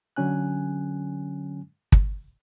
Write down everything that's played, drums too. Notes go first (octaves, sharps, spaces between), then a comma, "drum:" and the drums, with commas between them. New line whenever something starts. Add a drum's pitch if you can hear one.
D3 F#3 C#4 G#5 F#6
drum: kick